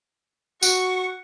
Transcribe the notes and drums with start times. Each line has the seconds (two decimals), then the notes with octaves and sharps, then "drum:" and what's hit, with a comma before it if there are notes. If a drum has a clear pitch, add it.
0.63 F#4 C#6, drum: tambourine